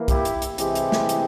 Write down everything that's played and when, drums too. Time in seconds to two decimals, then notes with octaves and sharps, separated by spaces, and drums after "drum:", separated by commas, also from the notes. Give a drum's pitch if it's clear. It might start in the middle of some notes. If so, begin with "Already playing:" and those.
Already playing: E3 A#3
0.08 E4 G4, drum: kick B1, hi-hat
0.25 drum: hi-hat
0.42 drum: hi-hat
0.58 C3 E3 G#3 C4 E4 G4, drum: hi-hat
0.75 drum: hi-hat
0.92 drum: snare
1.09 drum: hi-hat